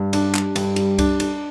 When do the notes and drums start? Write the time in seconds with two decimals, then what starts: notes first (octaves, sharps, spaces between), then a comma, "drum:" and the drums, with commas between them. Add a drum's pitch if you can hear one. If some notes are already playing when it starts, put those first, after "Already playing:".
Already playing: G2
0.13 D4, drum: cymbal
0.35 G3, drum: clap
0.56 G2, drum: cymbal
0.76 G3, drum: cymbal
0.98 D4, drum: kick C#2, cymbal
1.20 D4, drum: cymbal